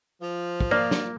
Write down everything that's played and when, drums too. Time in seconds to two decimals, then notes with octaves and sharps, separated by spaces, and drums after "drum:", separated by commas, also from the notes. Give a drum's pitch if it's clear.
0.22 F3
0.60 drum: kick
0.71 A#3 F4 D5
0.91 drum: snare